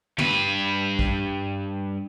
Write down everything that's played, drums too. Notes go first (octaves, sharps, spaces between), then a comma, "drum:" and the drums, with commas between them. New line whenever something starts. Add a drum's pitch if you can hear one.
G2 B4, drum: tom
drum: kick